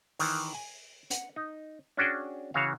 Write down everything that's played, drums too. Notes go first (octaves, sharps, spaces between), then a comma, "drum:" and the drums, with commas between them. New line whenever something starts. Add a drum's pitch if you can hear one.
D#3 E3, drum: open hi-hat
G#5
F#5, drum: hi-hat
D#4
C#4 D4 F#4 G#4 G5
C#3 E3 F#4 C#5 F5